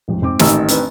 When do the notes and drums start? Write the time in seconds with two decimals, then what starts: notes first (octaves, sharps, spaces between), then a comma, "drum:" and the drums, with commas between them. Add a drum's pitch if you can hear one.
0.08 A1 F2 G#2
0.22 G#2 C4 D6
0.39 A1 D#3 E6, drum: snare
0.68 C4 D4 B4, drum: hi-hat